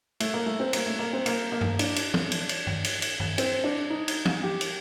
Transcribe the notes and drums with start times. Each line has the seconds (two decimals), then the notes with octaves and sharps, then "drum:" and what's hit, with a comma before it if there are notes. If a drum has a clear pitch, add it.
0.20 A3, drum: cymbal
0.34 A#3
0.46 A3
0.60 C4
0.73 A#3, drum: cymbal
0.86 A3
0.99 A#3
1.13 C4
1.26 A#3, drum: cymbal
1.52 A#3
1.61 drum: tom G2
1.79 D4, drum: cymbal
1.96 drum: cymbal
2.14 drum: tom
2.32 drum: cymbal
2.49 drum: cymbal
2.67 drum: tom G2
2.84 drum: cymbal
3.02 drum: cymbal
3.20 drum: tom G2
3.38 C4, drum: cymbal
3.64 D4
3.90 D#4
4.08 drum: cymbal
4.25 drum: tom
4.43 G4
4.61 drum: cymbal